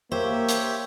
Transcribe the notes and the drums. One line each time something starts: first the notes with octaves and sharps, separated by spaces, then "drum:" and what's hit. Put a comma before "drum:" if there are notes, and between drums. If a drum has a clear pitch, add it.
A#3 G4 C5 C#5 E5
drum: hi-hat